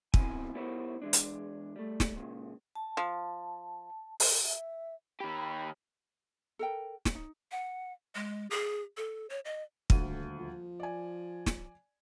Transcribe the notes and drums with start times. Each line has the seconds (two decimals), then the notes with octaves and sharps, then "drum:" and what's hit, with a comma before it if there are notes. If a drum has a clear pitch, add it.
0.14 F2 B2 C4 E4 G#5, drum: kick
0.55 B3 E4 G4 A#4 C5 C#5
1.02 E2 G#3 D4
1.13 drum: hi-hat
1.76 G3 A3
2.00 drum: snare
2.16 C#2 A#2 C#3
2.75 A5
2.97 F3
4.20 drum: open hi-hat
4.45 E5
5.20 D#3 G4 B5
6.59 A4 A#4 G5
7.05 drum: snare
7.15 D#4
7.52 F#5
8.15 G#3
8.50 G#4
8.97 A4
9.30 C#5
9.45 D#5
9.90 D#1 D2 D#7, drum: kick
10.38 F3
10.80 D5 G#5
11.46 drum: snare